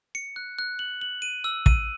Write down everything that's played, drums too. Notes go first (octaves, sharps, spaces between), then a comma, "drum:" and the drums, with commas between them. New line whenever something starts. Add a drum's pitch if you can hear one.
C#7
F#6
F#6
F#7
F#7
D#7
E6
D#7, drum: kick